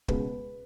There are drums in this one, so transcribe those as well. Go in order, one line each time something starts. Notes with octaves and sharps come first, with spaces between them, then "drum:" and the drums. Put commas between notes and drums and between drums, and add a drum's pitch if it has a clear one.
C#2 B2 G#3 B4, drum: kick